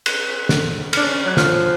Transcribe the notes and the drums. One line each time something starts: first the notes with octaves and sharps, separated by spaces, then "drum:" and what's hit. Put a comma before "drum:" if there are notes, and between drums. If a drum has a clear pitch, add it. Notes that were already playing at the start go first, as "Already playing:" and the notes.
F#6, drum: cymbal
drum: snare
D4 F6, drum: cymbal
C#4
F#3 F#6
F3 F6, drum: snare